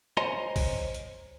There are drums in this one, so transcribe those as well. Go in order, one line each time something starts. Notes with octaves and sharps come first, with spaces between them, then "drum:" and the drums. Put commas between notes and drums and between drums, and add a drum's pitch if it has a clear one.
C5 C#5 D#5 G#5 A#5 C6, drum: rim click
drum: kick, open hi-hat
drum: hi-hat